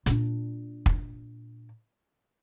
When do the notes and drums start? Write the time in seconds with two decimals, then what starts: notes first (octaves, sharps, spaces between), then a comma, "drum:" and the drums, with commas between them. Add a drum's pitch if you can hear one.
0.06 A#2 D4, drum: hi-hat
0.86 drum: kick